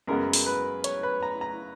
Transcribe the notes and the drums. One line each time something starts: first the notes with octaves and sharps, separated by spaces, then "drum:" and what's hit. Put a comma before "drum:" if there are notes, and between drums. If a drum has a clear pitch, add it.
F#2 C#3 G#3 B3 A#4
drum: open hi-hat
B4
C#5, drum: hi-hat
B4
A#5
A#5